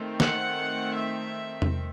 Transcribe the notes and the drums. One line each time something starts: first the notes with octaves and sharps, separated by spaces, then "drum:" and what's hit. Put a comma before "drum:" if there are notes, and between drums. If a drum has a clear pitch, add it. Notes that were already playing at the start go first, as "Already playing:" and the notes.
Already playing: D#3 A3 C4
F#5, drum: snare
E5
drum: tom E2